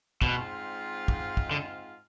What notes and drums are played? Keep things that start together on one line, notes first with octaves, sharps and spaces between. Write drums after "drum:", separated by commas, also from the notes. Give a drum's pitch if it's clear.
G#2 B2 G#3 C4 F4, drum: kick
drum: kick
drum: kick
D3